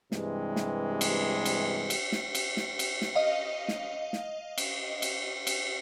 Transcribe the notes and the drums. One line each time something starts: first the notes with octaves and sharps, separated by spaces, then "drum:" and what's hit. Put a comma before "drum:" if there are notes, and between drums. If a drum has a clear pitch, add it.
G2 C3 E3 G#3, drum: snare
drum: snare
drum: cymbal
drum: cymbal
drum: cymbal
drum: snare
drum: cymbal
drum: snare
drum: cymbal
drum: snare
D#5 F5
drum: snare
drum: snare
drum: cymbal
drum: cymbal
drum: cymbal